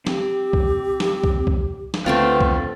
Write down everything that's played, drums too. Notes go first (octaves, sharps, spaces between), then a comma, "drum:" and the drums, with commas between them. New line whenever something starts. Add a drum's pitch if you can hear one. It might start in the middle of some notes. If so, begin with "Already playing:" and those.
C4 G4, drum: snare
drum: kick C2
drum: snare
drum: kick C2
drum: kick C2
drum: snare
D2 A3 B3 C4 F4 B4 G5
drum: kick C2